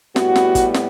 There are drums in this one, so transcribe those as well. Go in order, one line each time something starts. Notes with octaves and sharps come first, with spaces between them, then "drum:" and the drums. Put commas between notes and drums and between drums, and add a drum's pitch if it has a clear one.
A2 G3 B3 F#4, drum: snare
drum: snare
drum: kick, hi-hat
drum: snare